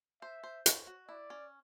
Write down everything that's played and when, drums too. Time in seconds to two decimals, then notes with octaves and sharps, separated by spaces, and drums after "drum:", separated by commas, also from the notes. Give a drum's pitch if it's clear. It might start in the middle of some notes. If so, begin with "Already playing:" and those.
0.22 C5 E5
0.43 C5
0.66 C#5, drum: hi-hat
0.87 F#4
1.09 E4 D5
1.30 C#4